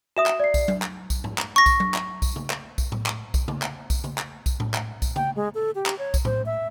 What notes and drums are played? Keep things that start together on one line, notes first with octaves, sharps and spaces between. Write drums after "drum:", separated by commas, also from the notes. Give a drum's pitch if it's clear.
F#4 E5 D#6 E7
drum: clap
D5 C7
drum: kick B1, tambourine
drum: tom F#3
drum: clap
drum: kick B1, tambourine
drum: tom G#2
drum: clap
C#6 A#6
drum: kick B1, tambourine
drum: tom F#3
drum: clap
drum: kick B1, tambourine
drum: tom C#3
drum: clap
drum: kick B1, tambourine
drum: tom A2
drum: clap
drum: kick B1, tambourine
drum: tom C#3
drum: clap
drum: kick B1, tambourine
drum: tom C#3
drum: clap
drum: kick B1, tambourine
drum: tom A2
drum: clap
drum: kick B1, tambourine
G5, drum: tom C#3
G#3
A4
G4
drum: clap
C#5
drum: kick B1, tambourine
C5, drum: tom A2
E5